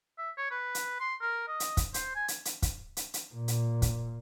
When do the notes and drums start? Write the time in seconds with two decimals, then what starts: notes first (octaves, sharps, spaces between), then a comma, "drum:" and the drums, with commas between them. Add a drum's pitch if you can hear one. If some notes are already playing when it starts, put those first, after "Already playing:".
0.18 E5
0.38 C#5
0.51 B4
0.75 drum: hi-hat
1.00 C6
1.21 A#4
1.48 D#5
1.60 drum: hi-hat
1.77 drum: kick, hi-hat
1.94 C5, drum: hi-hat
2.15 G#5
2.28 drum: hi-hat
2.45 drum: hi-hat
2.62 drum: kick, hi-hat
2.97 drum: hi-hat
3.14 drum: hi-hat
3.35 A#2
3.48 drum: hi-hat
3.82 drum: kick, hi-hat